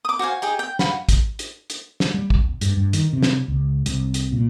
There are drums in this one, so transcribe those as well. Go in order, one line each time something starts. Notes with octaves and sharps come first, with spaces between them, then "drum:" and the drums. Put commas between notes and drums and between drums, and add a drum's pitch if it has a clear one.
D6 D#6
F#4 C5 F5 G#5
D#4 G4 G#4
G5
F#4 F5 B5, drum: snare
drum: kick, hi-hat
drum: hi-hat
drum: hi-hat
drum: snare
G3
D1, drum: kick
G2, drum: hi-hat
G2
D#3, drum: hi-hat
C3
drum: snare
C#2
C2, drum: hi-hat
drum: hi-hat
A#2